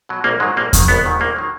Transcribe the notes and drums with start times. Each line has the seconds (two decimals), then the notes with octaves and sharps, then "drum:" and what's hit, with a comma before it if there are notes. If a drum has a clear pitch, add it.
0.09 B2 F#3
0.24 A#1 A#3
0.40 G#2 D#3 F#3 G#3
0.57 A#1 A#3
0.73 G#2 D#3 F#3, drum: kick E2, hi-hat
0.88 A#1 B3
1.05 G#2 D#3 F#3
1.20 A#1 A#3
1.36 D#3 F#3